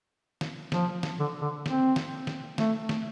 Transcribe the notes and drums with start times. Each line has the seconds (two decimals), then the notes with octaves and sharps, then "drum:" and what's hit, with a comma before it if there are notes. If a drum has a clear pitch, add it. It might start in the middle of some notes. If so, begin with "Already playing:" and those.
0.41 drum: snare
0.72 F3, drum: snare
1.03 drum: snare
1.19 D3
1.41 D3
1.66 C4, drum: snare
1.96 drum: snare
2.27 drum: snare
2.58 A3, drum: snare
2.89 drum: snare